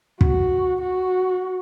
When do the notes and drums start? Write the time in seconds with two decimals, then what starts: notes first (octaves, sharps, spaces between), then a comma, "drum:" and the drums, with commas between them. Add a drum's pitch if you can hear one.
0.21 F#4, drum: kick
0.82 F#4